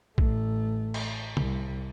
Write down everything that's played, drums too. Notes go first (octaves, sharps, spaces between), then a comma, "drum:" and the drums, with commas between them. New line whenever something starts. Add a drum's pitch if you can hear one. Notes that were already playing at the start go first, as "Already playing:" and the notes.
A1 A3, drum: kick
drum: cymbal
C2, drum: tom